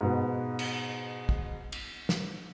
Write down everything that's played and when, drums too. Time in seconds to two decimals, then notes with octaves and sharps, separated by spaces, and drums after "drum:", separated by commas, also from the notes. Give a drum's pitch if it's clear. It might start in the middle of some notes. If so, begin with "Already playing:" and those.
0.01 G#2 B2 B3
0.59 drum: cymbal
1.29 drum: kick
1.72 drum: cymbal
2.09 drum: snare